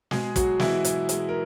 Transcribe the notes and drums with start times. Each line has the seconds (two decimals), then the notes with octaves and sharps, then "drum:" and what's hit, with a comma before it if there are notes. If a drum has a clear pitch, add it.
0.11 B2 G#3 G#4, drum: snare
0.36 B2 F#3 F#4, drum: kick, hi-hat
0.60 E3 G#3 E4, drum: snare
0.84 B2, drum: hi-hat
1.09 G#3, drum: hi-hat
1.29 A#4